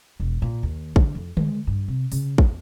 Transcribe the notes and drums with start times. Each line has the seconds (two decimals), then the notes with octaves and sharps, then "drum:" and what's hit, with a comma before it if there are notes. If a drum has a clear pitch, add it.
0.20 E1
0.42 A#2
0.63 D#2
0.96 D3, drum: kick
1.15 F2
1.37 G#3, drum: tom D3
1.67 G2
1.88 C3
2.12 C#3, drum: open hi-hat
2.38 E2, drum: kick